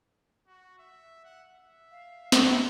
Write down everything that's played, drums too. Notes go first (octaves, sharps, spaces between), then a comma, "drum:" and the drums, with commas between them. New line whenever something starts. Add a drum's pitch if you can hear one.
F#4
E5
F#5
E5
F5
F5 G6, drum: snare